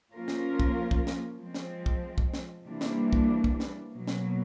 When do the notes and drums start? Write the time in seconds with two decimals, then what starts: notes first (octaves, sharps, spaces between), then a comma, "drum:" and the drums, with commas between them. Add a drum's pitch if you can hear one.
0.12 F3 A#3 C#4 F4 A#4
0.28 drum: snare
0.60 drum: kick
0.91 drum: kick
1.07 drum: snare
1.39 F3 G#3 C4
1.54 drum: snare
1.86 drum: kick
2.18 drum: kick
2.34 drum: snare
2.65 C3 E3 G3 A#3 D4
2.81 drum: snare
3.13 drum: kick
3.44 drum: kick
3.60 drum: snare
3.91 B2 F#3 A#3
4.07 drum: snare